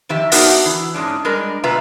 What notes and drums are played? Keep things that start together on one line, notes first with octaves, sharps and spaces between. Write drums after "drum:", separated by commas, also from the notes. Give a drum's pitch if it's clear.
F2 D#3 G4 E5
B3 D4 D#4 F#4 A#4 E5, drum: open hi-hat
E3
G#2 G#3 C#4 D4
G3 G#3 D4 A#4 D#5
B2 G#3 F4 B4 E5 A#5